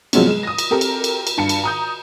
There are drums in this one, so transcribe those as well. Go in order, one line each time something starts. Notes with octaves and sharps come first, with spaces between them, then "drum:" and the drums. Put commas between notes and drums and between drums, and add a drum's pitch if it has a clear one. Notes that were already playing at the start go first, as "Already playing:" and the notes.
C3 F3 F#3 G#3 B3 C#4, drum: cymbal
G#3 E7
D#6 A#6
drum: cymbal
C4 G4 A4 A#4
drum: cymbal
drum: cymbal
drum: cymbal
G2 A5 C#7
drum: cymbal
A#5 D#6 G6